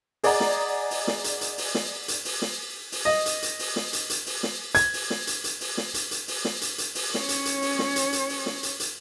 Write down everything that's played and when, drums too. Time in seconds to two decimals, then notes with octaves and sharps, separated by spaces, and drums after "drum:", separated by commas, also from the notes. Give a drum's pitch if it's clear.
0.24 G#4 D5 D#5 F#5 A#5, drum: open hi-hat
0.40 drum: snare
0.91 drum: open hi-hat
1.07 drum: snare
1.24 drum: hi-hat
1.41 drum: hi-hat
1.58 drum: open hi-hat
1.75 drum: snare
2.08 drum: hi-hat
2.25 drum: open hi-hat
2.42 drum: snare
2.92 drum: open hi-hat
3.05 D#5
3.26 drum: hi-hat
3.42 drum: hi-hat
3.59 drum: open hi-hat
3.76 drum: snare
3.93 drum: hi-hat
4.10 drum: hi-hat
4.26 drum: open hi-hat
4.43 drum: snare
4.75 G#6, drum: hi-hat
4.94 drum: open hi-hat
5.10 drum: snare
5.27 drum: hi-hat
5.44 drum: hi-hat
5.61 drum: open hi-hat
5.77 drum: snare
5.94 drum: hi-hat
6.11 drum: hi-hat
6.28 drum: open hi-hat
6.45 drum: snare
6.61 drum: hi-hat
6.78 drum: hi-hat
6.95 drum: open hi-hat
7.14 C#4 C#5, drum: snare
7.29 drum: hi-hat
7.45 drum: hi-hat
7.62 drum: open hi-hat
7.79 drum: snare
7.96 drum: hi-hat
8.13 drum: hi-hat
8.29 drum: open hi-hat
8.46 drum: snare
8.63 drum: hi-hat
8.80 drum: hi-hat